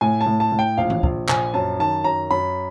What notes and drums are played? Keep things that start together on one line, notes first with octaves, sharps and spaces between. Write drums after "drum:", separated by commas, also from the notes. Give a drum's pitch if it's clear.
A2 G#5
A5
A2
A5
A2
G5
A#1 F5
drum: tom E3
A#1, drum: kick
A#1 G#5, drum: clap
F#2 A5
D#3 A5
F#2 A#5
F#2 B5